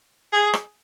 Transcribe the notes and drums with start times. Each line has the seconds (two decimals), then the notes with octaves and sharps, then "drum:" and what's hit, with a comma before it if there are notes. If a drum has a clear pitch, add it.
0.33 G#4
0.54 drum: rim click